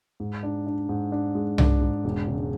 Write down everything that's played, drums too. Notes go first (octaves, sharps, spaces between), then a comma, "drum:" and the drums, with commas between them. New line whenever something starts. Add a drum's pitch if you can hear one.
G#2
D4
D4
G#2
D4
G#3
D4, drum: tom C2
G#2
E1
C#3